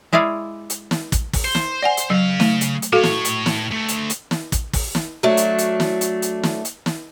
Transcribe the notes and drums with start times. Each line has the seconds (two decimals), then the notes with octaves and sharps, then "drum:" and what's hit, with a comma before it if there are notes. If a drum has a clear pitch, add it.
0.13 G#3 E4 G#4 D5 F5
0.70 drum: hi-hat
0.91 drum: snare
1.12 drum: kick, hi-hat
1.33 drum: kick, open hi-hat
1.45 C5
1.55 drum: snare
1.82 D5 F#5 G#5
1.97 drum: hi-hat
2.10 C#3 F#3 F5
2.40 A3, drum: snare
2.61 drum: hi-hat
2.82 drum: hi-hat
2.93 A2 F#4 A4 C#5 F5
3.03 drum: snare
3.25 drum: hi-hat
3.46 drum: snare
3.71 D2 A3
3.88 drum: hi-hat
4.10 drum: hi-hat
4.31 drum: snare
4.52 drum: kick, hi-hat
4.73 drum: kick, open hi-hat
4.95 drum: snare
5.23 F#3 A3 D4
5.37 drum: hi-hat
5.58 drum: hi-hat
5.80 drum: snare
6.01 drum: hi-hat
6.22 drum: hi-hat
6.43 drum: snare
6.65 drum: hi-hat
6.86 drum: snare